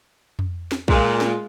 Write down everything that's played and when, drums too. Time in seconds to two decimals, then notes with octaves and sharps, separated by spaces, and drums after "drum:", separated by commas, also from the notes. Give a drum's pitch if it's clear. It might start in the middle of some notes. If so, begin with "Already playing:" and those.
0.39 drum: tom F2
0.72 drum: snare
0.88 A#2 G#3 F4, drum: kick A#1
1.21 drum: snare